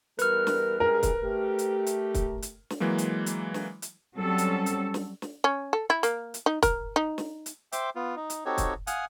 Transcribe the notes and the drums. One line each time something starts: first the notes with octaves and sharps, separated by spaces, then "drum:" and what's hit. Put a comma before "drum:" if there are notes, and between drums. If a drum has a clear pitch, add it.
E2 G3 A#4 B4 F6, drum: hi-hat
drum: snare
G2 G#3 G#4 A#4
drum: kick, hi-hat
A3 G4
drum: hi-hat
drum: hi-hat
drum: kick, hi-hat
drum: hi-hat
drum: snare
E3 F#3 G#3 A#3
drum: hi-hat
drum: hi-hat
drum: snare
drum: hi-hat
F#3 G3 C4 C#4 A4
drum: hi-hat
drum: hi-hat
drum: snare
drum: snare
C#4
A4
E4
A#3, drum: hi-hat
drum: hi-hat
D#4
A#4, drum: kick, hi-hat
D#4
drum: snare
drum: hi-hat
C5 E5 G5 C6 D6, drum: hi-hat
B3 F4
D#4
drum: hi-hat
C4 D#4 F#4 G4 A4 C#5
drum: kick, hi-hat
F5 F#5 G#5 D#6 F6, drum: hi-hat